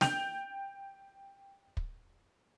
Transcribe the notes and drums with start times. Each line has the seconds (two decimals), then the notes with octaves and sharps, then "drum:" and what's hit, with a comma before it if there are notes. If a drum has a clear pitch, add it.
0.01 G5 G6 F7, drum: snare
1.77 drum: kick